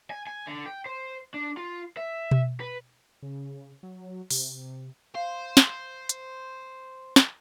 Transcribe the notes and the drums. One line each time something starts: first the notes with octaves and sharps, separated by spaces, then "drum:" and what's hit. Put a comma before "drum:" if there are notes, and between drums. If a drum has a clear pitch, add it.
G#5
G#5
D3
G5
C5
D4
F4
E5
drum: tom B2
B4
C#3
F#3
C3, drum: open hi-hat
C5 F5
drum: snare
drum: hi-hat
drum: snare